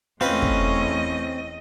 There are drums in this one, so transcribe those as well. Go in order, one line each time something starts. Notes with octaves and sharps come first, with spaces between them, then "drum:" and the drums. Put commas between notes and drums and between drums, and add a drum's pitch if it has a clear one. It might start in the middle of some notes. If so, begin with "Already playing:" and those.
E2 A3 C4 C#4 F4 B4 D#5
drum: kick